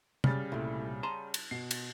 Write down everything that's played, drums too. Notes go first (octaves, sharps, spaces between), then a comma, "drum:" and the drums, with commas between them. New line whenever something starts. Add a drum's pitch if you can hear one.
C#3 G3 F6 A6, drum: tom C3
C2 A#2 A3 E4
A5 A#5 C6 D#7
drum: cymbal
B2 C7
drum: cymbal